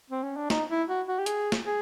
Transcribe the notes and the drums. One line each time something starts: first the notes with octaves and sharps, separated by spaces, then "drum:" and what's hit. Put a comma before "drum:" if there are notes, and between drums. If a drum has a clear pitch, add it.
C4
C#4
D4
D#4, drum: snare
E4
F#4
F#4
G4
G#4, drum: hi-hat
drum: snare
G#4